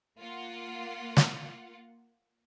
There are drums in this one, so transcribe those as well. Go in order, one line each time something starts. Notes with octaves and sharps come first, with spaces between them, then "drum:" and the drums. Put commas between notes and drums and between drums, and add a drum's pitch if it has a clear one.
A#3 F4 F#5
drum: snare